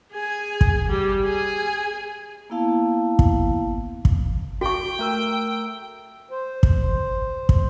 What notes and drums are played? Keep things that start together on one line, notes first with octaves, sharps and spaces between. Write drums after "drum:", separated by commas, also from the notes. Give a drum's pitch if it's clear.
G#4 G#5
drum: kick
G3
G#4 G#5
A#3 B3 E4 F5 A5
drum: kick
drum: kick
F#4 G5 C#6
A3 A#4 E6
C5
drum: kick
drum: kick